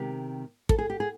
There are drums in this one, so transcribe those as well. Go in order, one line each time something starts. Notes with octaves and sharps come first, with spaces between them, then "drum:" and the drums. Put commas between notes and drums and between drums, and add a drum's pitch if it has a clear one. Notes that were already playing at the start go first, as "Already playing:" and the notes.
Already playing: C3 D#3 G#3 G4
A4, drum: kick
G#4
G4
G#4